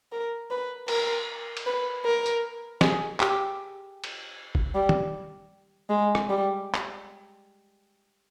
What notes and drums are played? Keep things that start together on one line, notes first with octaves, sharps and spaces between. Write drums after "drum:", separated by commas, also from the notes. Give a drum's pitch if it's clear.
A#4
B4
A#4, drum: cymbal
drum: cymbal
B4
A#4
drum: tambourine
G#4, drum: snare
G4, drum: clap
drum: cymbal
drum: kick
G3
drum: tom
G#3
drum: rim click
G3
drum: clap